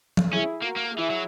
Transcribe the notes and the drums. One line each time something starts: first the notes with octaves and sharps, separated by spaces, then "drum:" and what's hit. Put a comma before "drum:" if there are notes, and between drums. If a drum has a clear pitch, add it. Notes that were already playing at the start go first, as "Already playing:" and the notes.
drum: tom F3
C#4 E4 G#4
A#3 F#4 A#4
A#3
E4 G#4
E3
F#3